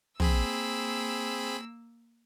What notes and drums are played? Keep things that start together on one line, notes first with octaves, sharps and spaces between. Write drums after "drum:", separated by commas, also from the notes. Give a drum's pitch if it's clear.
A#3 C4 G#4 B5 E6, drum: tom